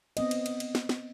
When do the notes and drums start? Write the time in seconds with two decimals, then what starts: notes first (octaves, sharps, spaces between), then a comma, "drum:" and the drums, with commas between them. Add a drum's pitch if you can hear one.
0.17 B3 C4 D#5, drum: cymbal
0.31 drum: cymbal
0.46 drum: cymbal
0.60 drum: cymbal
0.75 drum: snare
0.89 drum: snare